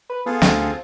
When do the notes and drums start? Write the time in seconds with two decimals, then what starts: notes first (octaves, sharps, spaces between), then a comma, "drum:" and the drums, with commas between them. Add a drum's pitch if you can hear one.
0.10 B4
0.26 B3 F4 G#4 A4
0.42 D2 C4, drum: snare